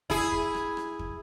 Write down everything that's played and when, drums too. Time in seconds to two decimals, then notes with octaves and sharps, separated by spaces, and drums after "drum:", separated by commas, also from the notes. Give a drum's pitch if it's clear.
0.10 E4 G#4, drum: kick
0.32 drum: kick
0.54 drum: rim click
0.77 drum: rim click
0.99 drum: kick